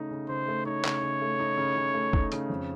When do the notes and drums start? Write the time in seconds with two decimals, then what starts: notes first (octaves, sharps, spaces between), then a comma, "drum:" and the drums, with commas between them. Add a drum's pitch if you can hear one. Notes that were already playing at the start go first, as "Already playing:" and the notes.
Already playing: C#3 A3 D#4
0.11 C#3
0.29 C#3 C5
0.48 A3
0.66 D#4 C#5
0.85 C#3, drum: clap
1.03 C#3
1.22 A3
1.39 D#4
1.58 C#3
1.76 C#3
1.94 A3
2.13 D#4, drum: kick F1
2.32 C#3, drum: hi-hat
2.50 F2